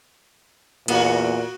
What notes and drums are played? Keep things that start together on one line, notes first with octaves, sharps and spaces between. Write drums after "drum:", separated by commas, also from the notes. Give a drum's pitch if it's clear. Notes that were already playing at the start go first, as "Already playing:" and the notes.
E2 A#2 A#3 F#4, drum: cymbal